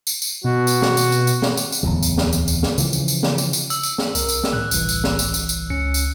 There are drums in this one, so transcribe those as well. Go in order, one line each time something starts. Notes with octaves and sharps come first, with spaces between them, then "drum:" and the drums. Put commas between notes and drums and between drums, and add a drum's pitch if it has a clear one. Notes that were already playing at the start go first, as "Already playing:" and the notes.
drum: tambourine
drum: tambourine
B2 F#4
drum: tambourine
drum: snare
drum: tambourine
drum: tambourine
drum: tambourine
drum: snare
drum: tambourine
drum: tambourine
D1 E2 C#3
drum: tambourine
drum: snare
drum: tambourine
drum: tambourine
drum: snare
C#3 E3 F3, drum: tambourine
drum: tambourine
drum: tambourine
drum: snare
drum: tambourine
drum: tambourine
E6, drum: tambourine
drum: tambourine
drum: snare
C2 A#4, drum: tambourine
drum: tambourine
drum: snare
A2 F#6
G1 C2 E3, drum: tambourine
drum: tambourine
drum: snare
drum: tambourine
drum: tambourine
drum: tambourine
C#2 C#4 C#7
drum: tambourine